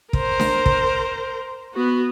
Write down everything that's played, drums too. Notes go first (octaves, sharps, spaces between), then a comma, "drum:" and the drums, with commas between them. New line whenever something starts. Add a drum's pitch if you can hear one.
A#4 C5, drum: kick
drum: snare D4
drum: kick
B3 F#4